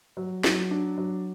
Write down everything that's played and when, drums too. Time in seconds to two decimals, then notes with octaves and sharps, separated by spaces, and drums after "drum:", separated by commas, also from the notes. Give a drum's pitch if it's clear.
0.17 F#3
0.44 F#3, drum: snare
0.71 D4
0.98 F#3